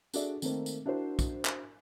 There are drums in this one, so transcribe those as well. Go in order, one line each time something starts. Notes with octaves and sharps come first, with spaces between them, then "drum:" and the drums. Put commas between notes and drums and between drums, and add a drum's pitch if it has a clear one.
D4 F#4 G#4 A4 D5 E5, drum: tambourine
D#3 A3 A#3 C4, drum: tambourine
drum: tambourine
D4 E4 F#4 A#4 C5
drum: kick, tambourine
drum: clap